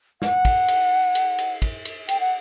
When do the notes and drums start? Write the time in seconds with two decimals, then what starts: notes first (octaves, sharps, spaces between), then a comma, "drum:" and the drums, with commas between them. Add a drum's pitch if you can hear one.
0.22 F#5, drum: snare
0.45 drum: kick, cymbal
0.68 drum: cymbal
1.15 drum: cymbal
1.38 drum: cymbal
1.62 drum: kick, cymbal
1.85 drum: cymbal
2.08 G5, drum: cymbal
2.20 F#5